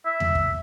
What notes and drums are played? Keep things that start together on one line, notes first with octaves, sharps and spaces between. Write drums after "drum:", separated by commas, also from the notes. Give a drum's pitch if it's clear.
E5
drum: tom E2
drum: kick